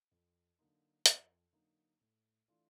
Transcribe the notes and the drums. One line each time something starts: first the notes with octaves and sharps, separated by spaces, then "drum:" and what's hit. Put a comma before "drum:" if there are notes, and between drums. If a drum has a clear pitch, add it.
F2
D3 F#3 A#3 D#4
F2, drum: hi-hat
D3 F#3 A#3 D#4
A2
E3 A3 D4 F4